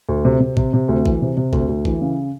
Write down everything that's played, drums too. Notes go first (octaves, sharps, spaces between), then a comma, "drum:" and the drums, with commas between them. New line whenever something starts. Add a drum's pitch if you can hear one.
D2
C3
C3
C3, drum: kick
C3
D2
E3, drum: kick
C3
C3
D2, drum: kick
D2
E3, drum: kick
C#3